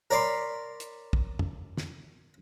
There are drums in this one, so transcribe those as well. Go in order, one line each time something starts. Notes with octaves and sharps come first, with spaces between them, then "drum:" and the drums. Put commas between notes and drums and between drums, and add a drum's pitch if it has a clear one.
A#4 C#5 D5 B5 C6
drum: hi-hat
drum: kick
drum: tom
drum: snare